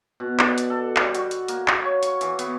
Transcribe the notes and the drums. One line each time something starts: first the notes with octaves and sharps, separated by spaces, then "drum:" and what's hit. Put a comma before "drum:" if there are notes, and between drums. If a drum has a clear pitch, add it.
B2
D5, drum: clap
drum: hi-hat
A4
G3, drum: clap
F#4, drum: hi-hat
drum: hi-hat
A#3, drum: hi-hat
drum: clap
C#5
C#6, drum: hi-hat
E3, drum: hi-hat
B3, drum: hi-hat